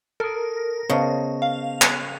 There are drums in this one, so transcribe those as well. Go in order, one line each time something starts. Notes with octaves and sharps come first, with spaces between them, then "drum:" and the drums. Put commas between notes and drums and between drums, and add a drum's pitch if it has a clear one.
A4 A#4 D#6
C#3 B3 C5 D#5 A5 C#6
F5
drum: clap